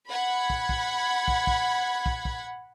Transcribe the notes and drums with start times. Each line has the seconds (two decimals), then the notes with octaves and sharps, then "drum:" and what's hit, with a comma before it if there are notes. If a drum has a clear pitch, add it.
0.11 F#5 B5 G#6
0.50 drum: kick
0.69 drum: kick
1.28 drum: kick
1.47 drum: kick
2.06 drum: kick
2.25 drum: kick